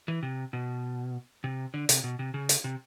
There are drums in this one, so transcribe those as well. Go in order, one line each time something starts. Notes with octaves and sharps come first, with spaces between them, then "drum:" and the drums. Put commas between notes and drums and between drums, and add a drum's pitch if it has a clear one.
E3
C3
B2
C3
D3
C3, drum: hi-hat
B2
C3
C#3
drum: hi-hat
C3